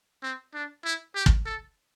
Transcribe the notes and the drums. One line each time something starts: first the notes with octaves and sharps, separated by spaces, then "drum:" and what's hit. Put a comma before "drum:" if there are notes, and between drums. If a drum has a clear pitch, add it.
C4
D4
E4
G4
drum: kick
A4